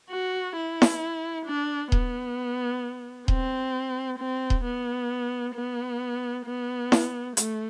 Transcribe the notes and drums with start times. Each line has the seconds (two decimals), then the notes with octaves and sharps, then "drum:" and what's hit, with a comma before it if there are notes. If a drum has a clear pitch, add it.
0.10 F#4
0.56 E4
0.82 drum: snare E4
1.46 D4
1.92 B3, drum: kick D#1
3.28 C4, drum: kick D#1
4.19 C4
4.50 drum: kick D#1
4.64 B3
5.55 B3
6.46 B3
6.92 drum: snare E4
7.37 A3, drum: hi-hat